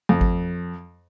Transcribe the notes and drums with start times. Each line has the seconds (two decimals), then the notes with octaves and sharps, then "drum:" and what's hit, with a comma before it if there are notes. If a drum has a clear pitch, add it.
0.09 F2
0.21 drum: kick G#1